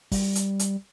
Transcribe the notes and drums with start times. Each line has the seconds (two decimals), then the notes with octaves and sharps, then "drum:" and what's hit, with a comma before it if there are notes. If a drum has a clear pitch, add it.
0.12 G3, drum: kick, open hi-hat
0.35 drum: hi-hat
0.59 drum: hi-hat